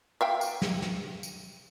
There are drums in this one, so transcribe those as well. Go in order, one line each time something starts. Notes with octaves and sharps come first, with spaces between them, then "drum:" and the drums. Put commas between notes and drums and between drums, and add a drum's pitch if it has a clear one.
E5 F5 G5
drum: tambourine
drum: snare
drum: snare
drum: tambourine